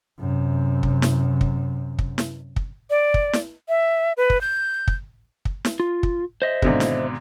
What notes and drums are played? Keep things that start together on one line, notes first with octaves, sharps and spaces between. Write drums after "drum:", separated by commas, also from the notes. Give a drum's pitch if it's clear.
F#2 C3
drum: kick
drum: snare
drum: kick
drum: kick
drum: snare
drum: kick
D5
drum: kick
drum: snare
E5
B4
drum: kick
G6
drum: kick
drum: kick
drum: snare
F4
drum: kick
C5 D#5 E5
G#1 B2 D3, drum: kick
drum: snare